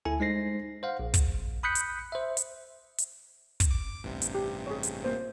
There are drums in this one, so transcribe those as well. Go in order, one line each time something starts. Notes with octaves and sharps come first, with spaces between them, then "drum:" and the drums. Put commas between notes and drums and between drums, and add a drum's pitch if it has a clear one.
D2 E4 A4 G#5
G#3 D#4 C5 A#6 C7
C5 F5 F#5
A#1
drum: kick, hi-hat
B5 D#6 F#6 G6 B6 C#7
drum: hi-hat
C5 E5
drum: hi-hat
drum: hi-hat
drum: kick, hi-hat
D6
A1 G2 C3
drum: hi-hat
G4
G#4 C#5
drum: hi-hat
A#3 C5